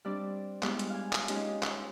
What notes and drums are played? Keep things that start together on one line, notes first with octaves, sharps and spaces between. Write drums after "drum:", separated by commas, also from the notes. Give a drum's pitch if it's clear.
G3 C4 D4 D5
G3 G#3 B3 E4 G4, drum: clap
drum: hi-hat
F5 G#5
drum: clap
G#3 C#4 D#4 F4 G4, drum: hi-hat
drum: clap